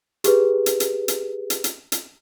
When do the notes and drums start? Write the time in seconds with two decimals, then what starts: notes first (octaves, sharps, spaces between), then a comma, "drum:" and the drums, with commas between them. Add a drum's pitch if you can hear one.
0.24 G4 G#4 B4, drum: hi-hat
0.66 drum: hi-hat
0.80 drum: hi-hat
1.08 drum: hi-hat
1.50 drum: hi-hat
1.64 drum: hi-hat
1.92 drum: hi-hat